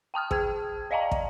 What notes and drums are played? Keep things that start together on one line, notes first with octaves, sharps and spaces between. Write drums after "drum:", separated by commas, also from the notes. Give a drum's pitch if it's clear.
G5 A5 D#6 F6
G#4 G5 G#6, drum: kick
D5 D#5 F5 G5 A5 A#5
drum: kick